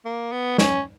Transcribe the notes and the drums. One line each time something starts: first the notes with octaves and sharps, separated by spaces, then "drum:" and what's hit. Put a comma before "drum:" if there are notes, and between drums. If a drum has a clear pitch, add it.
A#3
B3
C#4, drum: snare